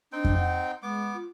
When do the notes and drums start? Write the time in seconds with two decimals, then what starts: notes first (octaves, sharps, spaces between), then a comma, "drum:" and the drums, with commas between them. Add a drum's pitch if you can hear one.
0.12 C4 D4 D#4 G5
0.25 drum: kick F2
0.38 F#5
0.83 G#3 B3 D6
1.15 F4